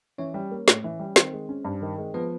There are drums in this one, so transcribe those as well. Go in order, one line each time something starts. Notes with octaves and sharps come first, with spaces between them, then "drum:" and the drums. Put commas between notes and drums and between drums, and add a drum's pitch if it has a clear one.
E3 C#4 C#5
G3
A#3
A2, drum: snare
E3
G3
D#3 C4 C5, drum: snare
G#3
C#4
G2
D#3
G#3
F3 B3 B4